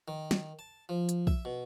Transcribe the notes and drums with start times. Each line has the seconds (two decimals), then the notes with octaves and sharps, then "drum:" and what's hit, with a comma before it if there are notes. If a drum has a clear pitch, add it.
0.08 D#3
0.31 drum: snare
0.59 A5
0.89 F3
1.09 drum: hi-hat
1.27 E5, drum: kick
1.45 B2